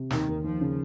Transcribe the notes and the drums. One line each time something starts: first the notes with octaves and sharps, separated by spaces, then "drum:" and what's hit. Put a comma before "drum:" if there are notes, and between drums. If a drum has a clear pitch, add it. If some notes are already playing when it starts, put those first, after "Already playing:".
Already playing: C3
D#2 D#3, drum: snare
D#2
D#2 F3
C#3